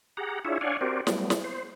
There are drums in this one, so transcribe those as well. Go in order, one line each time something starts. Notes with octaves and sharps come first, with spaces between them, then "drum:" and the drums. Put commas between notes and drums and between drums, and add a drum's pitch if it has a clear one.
G4 G#4 F#5 A#5
D4 E4 F4 G#4 C#5 E5
D4 C#5 D5 F5 F#5 G#5
C4 F#4 G4 A#4 C5 D5
F#3 G3 A3 B3, drum: snare
drum: snare
C5